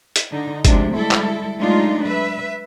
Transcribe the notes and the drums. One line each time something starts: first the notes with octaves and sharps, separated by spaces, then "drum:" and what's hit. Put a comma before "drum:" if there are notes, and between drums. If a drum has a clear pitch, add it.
drum: hi-hat
D3 D#4
D2 C3 F3 G#3 D4, drum: kick, hi-hat
G3 G#3 E4 A4
drum: clap
F#3 G#3 A3 D4 D#4 F4
B4 E5